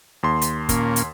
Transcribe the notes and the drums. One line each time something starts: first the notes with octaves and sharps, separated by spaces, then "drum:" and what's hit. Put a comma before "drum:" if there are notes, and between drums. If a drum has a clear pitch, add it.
D#2 C6
drum: hi-hat
A#2 A#3 C#4, drum: kick, hi-hat
drum: hi-hat